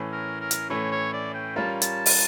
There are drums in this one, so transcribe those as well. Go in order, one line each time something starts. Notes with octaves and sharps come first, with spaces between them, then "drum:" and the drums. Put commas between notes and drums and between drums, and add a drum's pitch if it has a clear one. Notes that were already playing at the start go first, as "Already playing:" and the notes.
Already playing: A2 E3 A3 C#4
A#4
A#4
drum: hi-hat
A2 E3 A3 C#4 C#5
C#5
D5
G5
G3 C#4 F4 A#4 A5
A5, drum: hi-hat
drum: open hi-hat